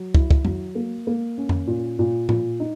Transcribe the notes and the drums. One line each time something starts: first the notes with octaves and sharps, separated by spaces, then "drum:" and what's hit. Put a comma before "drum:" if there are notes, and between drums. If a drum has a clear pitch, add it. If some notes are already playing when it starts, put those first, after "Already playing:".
Already playing: F#3
E4, drum: kick
drum: kick
F#3, drum: tom F2
A#3
A#3
C#4
drum: tom F2
A#2
A#2
A#2, drum: tom A2
D#4